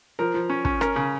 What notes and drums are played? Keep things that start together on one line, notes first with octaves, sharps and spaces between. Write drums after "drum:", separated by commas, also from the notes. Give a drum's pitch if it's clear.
F3 A#4
F3
C#4
C#4, drum: kick
C#4 A#4, drum: rim click
C#3